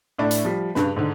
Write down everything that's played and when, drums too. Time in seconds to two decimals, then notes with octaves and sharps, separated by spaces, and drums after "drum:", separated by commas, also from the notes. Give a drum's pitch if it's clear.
0.19 A2 A3 D4 E4
0.31 drum: hi-hat
0.45 F3 G3
0.75 G2 C#3 B4, drum: snare
0.96 G#2 D3